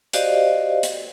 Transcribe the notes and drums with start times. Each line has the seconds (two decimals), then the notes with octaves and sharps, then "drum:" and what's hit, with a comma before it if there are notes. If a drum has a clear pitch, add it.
0.13 F#4 G4 C5 D5 D#5 F5, drum: hi-hat
0.83 drum: hi-hat